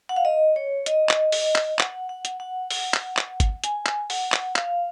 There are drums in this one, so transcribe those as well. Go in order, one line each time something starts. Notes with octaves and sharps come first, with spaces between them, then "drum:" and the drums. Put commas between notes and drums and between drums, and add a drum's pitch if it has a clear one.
F#5
F5
D#5
C#5
D#5, drum: hi-hat
drum: clap
drum: open hi-hat
drum: clap
F#5, drum: clap
F#5
drum: hi-hat
F#5
F#5, drum: open hi-hat
drum: clap
drum: clap
drum: kick G1, hi-hat
G#5, drum: hi-hat
drum: clap
F#5, drum: open hi-hat
drum: clap
F5, drum: clap